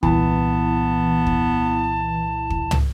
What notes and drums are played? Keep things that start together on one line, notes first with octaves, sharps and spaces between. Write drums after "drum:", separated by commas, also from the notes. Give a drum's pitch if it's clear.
C2 A#2 E3 B3 A5, drum: kick
drum: kick
drum: kick
drum: tom